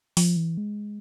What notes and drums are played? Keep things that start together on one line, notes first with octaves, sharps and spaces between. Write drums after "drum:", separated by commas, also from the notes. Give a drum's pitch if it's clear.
F3, drum: open hi-hat
E3
G#3